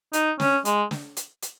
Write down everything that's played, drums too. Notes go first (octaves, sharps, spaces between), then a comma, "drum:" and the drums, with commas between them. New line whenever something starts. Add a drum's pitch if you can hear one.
D#4, drum: hi-hat
C#4, drum: snare
G#3, drum: hi-hat
drum: snare
drum: hi-hat
drum: hi-hat